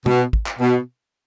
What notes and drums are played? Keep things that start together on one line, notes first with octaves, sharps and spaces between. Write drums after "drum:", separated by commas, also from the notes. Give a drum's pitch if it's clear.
B2, drum: tom
drum: kick
drum: clap
B2